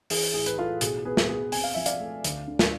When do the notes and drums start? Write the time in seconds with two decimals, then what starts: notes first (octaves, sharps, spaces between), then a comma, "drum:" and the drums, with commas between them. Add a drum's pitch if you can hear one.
0.10 E3 G#4, drum: open hi-hat
0.34 A2 G#4
0.46 B4, drum: hi-hat
0.58 A2 F4 A4
0.81 B2 G#4, drum: hi-hat
1.05 B3 G#4 B4
1.17 drum: snare
1.29 B3 G#4
1.52 C4 G#5, drum: open hi-hat
1.64 F5
1.74 F3 E5
1.86 D5 F5, drum: hi-hat
2.00 A3
2.24 D2, drum: hi-hat
2.48 D3
2.59 drum: snare